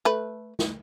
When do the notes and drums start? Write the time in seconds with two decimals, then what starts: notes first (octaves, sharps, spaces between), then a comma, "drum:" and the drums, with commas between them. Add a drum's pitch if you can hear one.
0.05 A3 B4
0.59 drum: snare